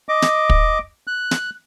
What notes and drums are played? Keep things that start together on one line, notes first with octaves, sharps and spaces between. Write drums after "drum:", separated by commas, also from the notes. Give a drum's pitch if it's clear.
D#5 D6
drum: snare
drum: kick
F#6
drum: snare